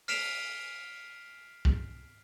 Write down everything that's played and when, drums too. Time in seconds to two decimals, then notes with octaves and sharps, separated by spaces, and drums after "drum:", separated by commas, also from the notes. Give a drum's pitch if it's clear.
0.08 F6 B6 C7 D7 E7 F7, drum: open hi-hat
1.65 drum: kick